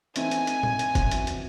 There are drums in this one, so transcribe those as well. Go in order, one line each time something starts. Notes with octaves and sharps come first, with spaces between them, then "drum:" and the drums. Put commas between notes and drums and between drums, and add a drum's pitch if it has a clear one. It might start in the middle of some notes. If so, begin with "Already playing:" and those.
E3 A3 C4 D#4 G#5, drum: hi-hat
drum: hi-hat
drum: hi-hat
drum: tom A#2
drum: hi-hat
drum: kick, hi-hat
E3 C4 F#4, drum: hi-hat
drum: hi-hat